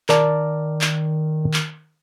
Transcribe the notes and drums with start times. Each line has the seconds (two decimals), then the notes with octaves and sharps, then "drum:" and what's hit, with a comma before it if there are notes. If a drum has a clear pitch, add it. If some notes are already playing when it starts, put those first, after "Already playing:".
0.09 D#3 A#4 D5 A5, drum: clap
0.81 drum: clap
1.54 drum: clap